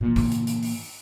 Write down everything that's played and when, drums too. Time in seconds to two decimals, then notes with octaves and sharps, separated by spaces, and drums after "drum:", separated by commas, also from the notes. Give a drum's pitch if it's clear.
0.01 A#2 E3
0.16 drum: kick, open hi-hat
0.32 drum: hi-hat
0.47 drum: hi-hat
0.62 drum: open hi-hat